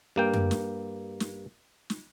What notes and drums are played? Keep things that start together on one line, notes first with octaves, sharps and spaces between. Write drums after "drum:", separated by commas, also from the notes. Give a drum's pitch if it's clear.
G2 A#3 G5
drum: tom F#2
drum: snare
drum: snare
drum: snare